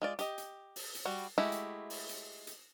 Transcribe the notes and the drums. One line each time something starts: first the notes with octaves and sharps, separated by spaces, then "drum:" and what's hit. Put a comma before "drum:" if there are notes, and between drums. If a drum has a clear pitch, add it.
G#3 F4 D5
G4 D#5, drum: hi-hat
drum: hi-hat
drum: open hi-hat
drum: hi-hat
G3 F#4
G#3 A3 E4 F#4 G4
drum: hi-hat
drum: open hi-hat
drum: hi-hat
drum: hi-hat